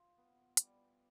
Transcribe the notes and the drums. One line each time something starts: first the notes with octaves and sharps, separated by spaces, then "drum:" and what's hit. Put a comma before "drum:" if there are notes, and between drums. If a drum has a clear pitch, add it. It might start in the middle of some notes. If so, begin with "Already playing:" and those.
Already playing: F4
B3
G3, drum: hi-hat